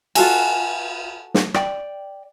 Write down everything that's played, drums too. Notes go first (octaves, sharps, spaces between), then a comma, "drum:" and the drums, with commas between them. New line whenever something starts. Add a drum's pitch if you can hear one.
F4 F#4 A4 G#5, drum: cymbal
drum: snare
D5 G5, drum: rim click